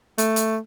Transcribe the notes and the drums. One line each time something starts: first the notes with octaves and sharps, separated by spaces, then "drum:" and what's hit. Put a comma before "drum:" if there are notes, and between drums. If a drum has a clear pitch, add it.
A3, drum: hi-hat
drum: hi-hat